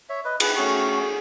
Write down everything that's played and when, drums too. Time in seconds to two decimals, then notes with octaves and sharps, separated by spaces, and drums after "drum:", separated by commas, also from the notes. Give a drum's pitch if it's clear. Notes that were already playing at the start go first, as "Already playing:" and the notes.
0.09 C#5 E5
0.25 B4 D#5
0.40 G#4 B4, drum: cymbal
0.56 A3 C#4 F#4 G#4